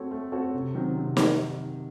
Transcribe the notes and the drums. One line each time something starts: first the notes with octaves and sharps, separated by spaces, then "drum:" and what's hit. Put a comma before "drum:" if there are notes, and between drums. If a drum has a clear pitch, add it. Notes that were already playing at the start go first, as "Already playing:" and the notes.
Already playing: A3 C4 F#4 A4 C#5
A3
C4 F#4 A4 C#5
C3
D#3 F#3 C4
C3
drum: snare